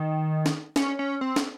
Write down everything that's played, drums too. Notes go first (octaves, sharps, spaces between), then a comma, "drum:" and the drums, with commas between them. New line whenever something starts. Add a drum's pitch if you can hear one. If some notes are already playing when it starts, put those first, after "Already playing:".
Already playing: D#3
drum: snare
C#4, drum: snare
C#4
C4
drum: snare